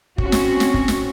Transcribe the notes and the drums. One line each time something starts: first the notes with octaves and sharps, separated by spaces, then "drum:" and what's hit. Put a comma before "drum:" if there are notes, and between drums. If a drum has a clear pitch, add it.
C4 C#4 F#4, drum: kick
drum: snare
drum: snare
drum: kick
drum: snare